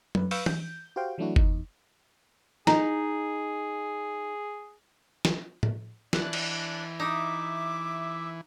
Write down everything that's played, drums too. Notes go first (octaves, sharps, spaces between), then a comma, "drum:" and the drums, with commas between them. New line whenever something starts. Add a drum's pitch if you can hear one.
F#2 B4, drum: tom F#3
B4 F5 C#6 E6 G6, drum: open hi-hat
G6, drum: tom
F#4 G4 C5 F5 G5
E3 F#3 A3 D4 E4 F#4
E2 D#4, drum: kick F#1
D#4 G#4 A#5, drum: snare
drum: snare
drum: tom A2
E3 D4 F#6, drum: snare
drum: cymbal
D#4 E5 D6